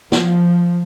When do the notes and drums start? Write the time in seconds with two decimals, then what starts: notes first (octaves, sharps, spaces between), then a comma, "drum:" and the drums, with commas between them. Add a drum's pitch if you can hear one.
0.12 F3, drum: snare